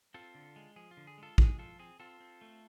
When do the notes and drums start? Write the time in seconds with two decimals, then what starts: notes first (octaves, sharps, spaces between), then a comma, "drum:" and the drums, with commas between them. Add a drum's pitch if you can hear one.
0.14 C4 F4 A4
0.35 D3
0.56 G#3
0.76 F3 G#4
0.91 F4
0.97 D3
1.07 G#4
1.18 G#3 F4 A4
1.38 G#3 G#4, drum: kick
1.58 F3 F4 A4
1.79 C4 G#4
2.00 C4 F4 A4
2.20 C4
2.41 A3